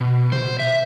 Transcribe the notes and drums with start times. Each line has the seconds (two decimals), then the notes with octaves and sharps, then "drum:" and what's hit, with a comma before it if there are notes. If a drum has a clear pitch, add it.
0.01 B2
0.32 C5, drum: tom A#2
0.60 E5